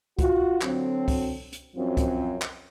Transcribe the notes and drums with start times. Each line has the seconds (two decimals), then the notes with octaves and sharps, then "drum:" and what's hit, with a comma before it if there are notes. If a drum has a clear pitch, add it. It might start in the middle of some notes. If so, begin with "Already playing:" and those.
0.19 F4 F#4, drum: kick C2, hi-hat
0.61 D3 F#3 C4, drum: clap
1.08 drum: kick C2, open hi-hat
1.52 drum: hi-hat
1.76 F#2 F3 C4
1.97 drum: kick C2, hi-hat
2.42 drum: clap